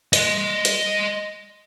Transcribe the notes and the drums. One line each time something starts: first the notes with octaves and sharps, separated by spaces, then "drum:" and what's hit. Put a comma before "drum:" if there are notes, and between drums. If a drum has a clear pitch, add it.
D#5 C6, drum: hi-hat
drum: hi-hat